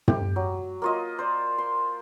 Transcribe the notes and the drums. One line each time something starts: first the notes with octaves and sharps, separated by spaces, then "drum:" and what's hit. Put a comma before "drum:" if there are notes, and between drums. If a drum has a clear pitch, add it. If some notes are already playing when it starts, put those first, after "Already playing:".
G4, drum: tom
F#3
A#3 F4 D#5
C5 D5
C6